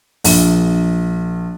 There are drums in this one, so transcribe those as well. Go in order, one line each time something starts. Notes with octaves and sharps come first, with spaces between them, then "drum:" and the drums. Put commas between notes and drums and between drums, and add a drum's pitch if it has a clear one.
A#1, drum: open hi-hat